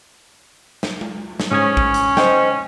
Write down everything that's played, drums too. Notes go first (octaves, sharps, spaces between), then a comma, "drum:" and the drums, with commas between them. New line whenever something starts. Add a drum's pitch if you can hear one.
drum: snare
drum: tom G#3
drum: snare
G#2 C#4 D#6 G#6
drum: kick
drum: hi-hat
C5 D#5 G5, drum: snare